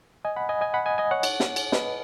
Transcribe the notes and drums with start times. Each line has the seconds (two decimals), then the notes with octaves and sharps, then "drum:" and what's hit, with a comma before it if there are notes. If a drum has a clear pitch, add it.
0.25 D#5 G#5
0.37 F#5 B5
0.49 D#5 G#5
0.61 D#5 G#5
0.74 F#5 B5
0.86 D#5 G#5
0.98 D#5 G#5
1.11 C#5 F#5
1.23 drum: cymbal
1.40 drum: snare
1.56 drum: cymbal
1.72 B4 D#5, drum: snare